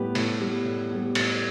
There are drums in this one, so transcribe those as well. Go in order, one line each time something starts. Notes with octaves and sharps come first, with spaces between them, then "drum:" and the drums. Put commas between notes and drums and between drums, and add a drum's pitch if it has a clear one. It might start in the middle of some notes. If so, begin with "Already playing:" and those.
Already playing: A2 G3 B3 G4 B4
A2, drum: cymbal
G3 B3
A2
G3 B3
A2, drum: cymbal